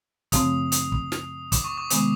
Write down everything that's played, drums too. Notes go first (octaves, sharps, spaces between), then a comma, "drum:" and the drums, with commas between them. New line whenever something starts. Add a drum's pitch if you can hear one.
F#2 C#3 F3 A3 C4 D#6, drum: kick, hi-hat
D#6, drum: hi-hat
drum: kick
drum: snare
D6, drum: kick, hi-hat
C#6
D6
C3 D#3 G#3 B3 D#6, drum: hi-hat